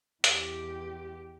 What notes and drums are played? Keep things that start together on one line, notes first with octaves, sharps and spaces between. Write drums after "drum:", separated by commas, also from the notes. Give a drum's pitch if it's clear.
E2 G4, drum: hi-hat